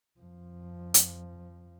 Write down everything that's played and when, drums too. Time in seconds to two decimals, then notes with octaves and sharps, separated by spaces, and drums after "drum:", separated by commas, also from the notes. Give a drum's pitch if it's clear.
0.20 F2 F3
0.94 drum: hi-hat